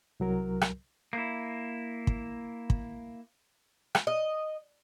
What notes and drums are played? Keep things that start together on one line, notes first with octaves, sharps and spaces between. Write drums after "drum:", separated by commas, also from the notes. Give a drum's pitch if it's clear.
C2 F#3 A#4
drum: rim click
A#3 E4
drum: kick
drum: kick
drum: rim click
D#5